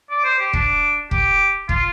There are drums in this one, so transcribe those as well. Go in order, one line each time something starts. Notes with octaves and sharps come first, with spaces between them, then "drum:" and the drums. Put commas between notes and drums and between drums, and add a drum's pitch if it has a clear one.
D5
C5
G4
D4, drum: kick
G4, drum: kick
F4, drum: kick